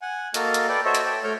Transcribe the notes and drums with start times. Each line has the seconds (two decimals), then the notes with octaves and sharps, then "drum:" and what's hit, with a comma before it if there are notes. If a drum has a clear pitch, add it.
0.02 F#5 G#5
0.34 A#3 F#4 A4 A#4 D#5 F6, drum: hi-hat
0.54 drum: hi-hat
0.68 A4 B4 D5 G5
0.85 F#4 A4 C5 C#5 D#5 E5
0.95 drum: hi-hat
1.06 A4 E5 G5
1.24 A3 C#5 F6 G6